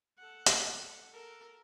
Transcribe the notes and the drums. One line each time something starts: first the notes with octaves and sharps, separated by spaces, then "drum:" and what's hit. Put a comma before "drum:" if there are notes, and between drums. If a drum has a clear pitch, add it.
A4 F#5
drum: hi-hat
A4 A#4